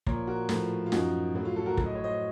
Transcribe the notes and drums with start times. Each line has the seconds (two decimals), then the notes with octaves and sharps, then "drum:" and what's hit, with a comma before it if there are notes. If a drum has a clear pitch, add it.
0.06 A#2 F3 A#4 C#5, drum: kick
0.27 F#4 A#4
0.49 A2 F3, drum: snare
0.86 F4
0.92 F#2 F3 D#4 F#4, drum: snare
1.34 A2 F#3
1.45 F4
1.56 F4 A4
1.66 F#4 A#4
1.77 A2 F#3, drum: kick
1.86 D#5
1.95 C#5
2.04 C5 D#5